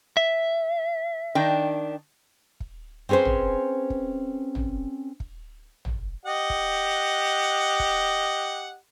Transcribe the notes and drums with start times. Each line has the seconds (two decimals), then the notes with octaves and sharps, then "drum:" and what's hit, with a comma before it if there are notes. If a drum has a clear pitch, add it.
0.17 E5
1.35 D#3 D4 G5
2.60 drum: kick
3.09 C4 C#4 G#4 B4 C5
3.25 drum: tom
3.90 drum: kick
4.55 drum: tom
5.20 drum: kick
5.85 drum: tom
6.26 G4 D#5 F#5
6.50 drum: kick
7.80 drum: kick